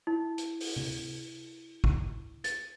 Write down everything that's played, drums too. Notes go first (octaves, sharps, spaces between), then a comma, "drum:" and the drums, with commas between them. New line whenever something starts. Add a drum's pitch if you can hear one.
E4
drum: hi-hat
drum: open hi-hat
drum: tom C3
drum: kick
A6, drum: hi-hat